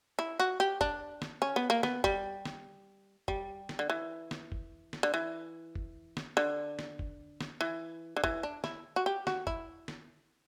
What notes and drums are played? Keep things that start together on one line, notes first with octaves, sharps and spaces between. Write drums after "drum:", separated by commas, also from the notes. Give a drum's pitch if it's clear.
E4
F#4
G4
D4, drum: kick
drum: snare
C#4
B3
A#3
B3, drum: snare
G3, drum: kick
drum: snare
G3, drum: kick
drum: snare
D3
E3
drum: snare
drum: kick
drum: snare
D3
E3
drum: kick
drum: snare
D3
drum: snare
drum: kick
drum: snare
E3
D3
E3, drum: kick
D4
E4, drum: snare
F#4
G4
F#4, drum: snare
E4, drum: kick
drum: snare